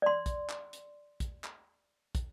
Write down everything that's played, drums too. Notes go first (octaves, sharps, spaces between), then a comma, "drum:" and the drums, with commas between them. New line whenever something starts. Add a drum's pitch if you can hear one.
D5 C6
drum: kick, hi-hat
drum: clap
drum: hi-hat
drum: kick, hi-hat
drum: clap
drum: kick, hi-hat